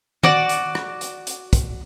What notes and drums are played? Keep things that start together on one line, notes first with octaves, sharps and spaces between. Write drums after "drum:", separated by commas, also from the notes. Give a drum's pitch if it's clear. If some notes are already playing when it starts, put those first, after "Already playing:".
F#4 D5, drum: tom D#3
drum: hi-hat
drum: rim click
drum: hi-hat
drum: hi-hat
drum: kick, hi-hat